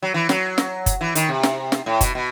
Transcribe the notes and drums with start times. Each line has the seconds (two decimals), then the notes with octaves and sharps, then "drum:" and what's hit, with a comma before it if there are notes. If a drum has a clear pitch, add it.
0.02 F#3
0.14 E3
0.29 F#3, drum: snare
0.58 drum: snare
0.86 drum: kick F#1, hi-hat
1.01 E3
1.15 D#3, drum: hi-hat
1.29 C3
1.43 drum: snare
1.72 drum: snare
1.86 A2
2.01 B2, drum: kick F#1, hi-hat
2.15 B2